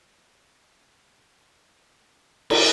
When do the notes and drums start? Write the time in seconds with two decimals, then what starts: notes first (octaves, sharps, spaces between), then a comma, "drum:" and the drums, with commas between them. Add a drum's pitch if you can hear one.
0.06 A#4 D#5 F5
2.50 drum: cymbal